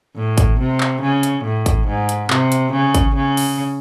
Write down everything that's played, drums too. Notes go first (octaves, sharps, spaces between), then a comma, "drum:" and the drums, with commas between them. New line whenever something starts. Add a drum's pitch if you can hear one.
A2
drum: kick G#1, hi-hat
C3
drum: clap
C#3
drum: hi-hat
A2
drum: kick G#1, hi-hat
G#2
drum: hi-hat
C3, drum: clap
drum: hi-hat
C#3
drum: kick G#1, hi-hat
C#3
drum: open hi-hat